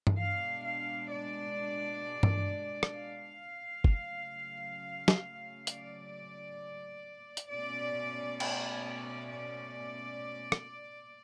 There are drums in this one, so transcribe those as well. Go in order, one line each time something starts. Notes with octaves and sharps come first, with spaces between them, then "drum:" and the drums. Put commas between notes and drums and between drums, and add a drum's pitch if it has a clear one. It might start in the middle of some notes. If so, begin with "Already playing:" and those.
drum: tom G2
B2 G#3 D4 F5
F5
D5
drum: tom G2
drum: rim click
F5
C#3 F#3 A3 C#4, drum: kick
drum: snare
D5, drum: hi-hat
drum: hi-hat
B2 A3 C#4 D5
D5, drum: cymbal
D5
drum: rim click